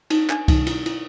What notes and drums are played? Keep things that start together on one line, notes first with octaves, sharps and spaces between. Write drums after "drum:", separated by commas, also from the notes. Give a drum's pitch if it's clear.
D#4, drum: cymbal
D4, drum: clap
D#4, drum: kick C2, cymbal
E4, drum: cymbal
E4, drum: cymbal